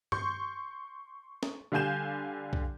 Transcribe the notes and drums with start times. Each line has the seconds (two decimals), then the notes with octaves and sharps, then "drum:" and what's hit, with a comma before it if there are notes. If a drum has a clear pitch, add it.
0.12 C6 C#6 G6, drum: tom G2
1.43 drum: snare
1.72 D3 G3 F5 G#5 G6 E7
2.53 drum: kick